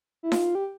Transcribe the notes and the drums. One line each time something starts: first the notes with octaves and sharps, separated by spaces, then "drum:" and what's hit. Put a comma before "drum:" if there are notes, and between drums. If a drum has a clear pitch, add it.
E4
F4, drum: snare D#4
G4